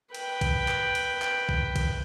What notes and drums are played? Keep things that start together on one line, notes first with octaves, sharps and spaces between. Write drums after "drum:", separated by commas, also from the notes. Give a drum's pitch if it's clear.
B4 G5, drum: cymbal
drum: kick, cymbal
drum: clap
drum: cymbal
drum: clap
drum: kick
drum: kick, cymbal